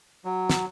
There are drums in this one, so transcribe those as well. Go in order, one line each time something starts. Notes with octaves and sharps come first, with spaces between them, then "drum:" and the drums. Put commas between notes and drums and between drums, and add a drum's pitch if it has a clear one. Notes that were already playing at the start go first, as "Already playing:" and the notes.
F#3
drum: snare